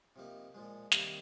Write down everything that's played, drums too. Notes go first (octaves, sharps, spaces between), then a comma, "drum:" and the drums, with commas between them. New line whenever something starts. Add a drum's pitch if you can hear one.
C3 F3 A#3 D#4
A#2 F3 G#3
C3 D#3 G3 A#3, drum: snare